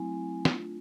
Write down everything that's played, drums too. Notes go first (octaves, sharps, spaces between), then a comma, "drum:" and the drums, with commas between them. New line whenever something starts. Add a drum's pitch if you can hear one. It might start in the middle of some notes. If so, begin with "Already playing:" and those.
Already playing: F#3 A3 C4 E4 G#5
A3 D4 F4, drum: snare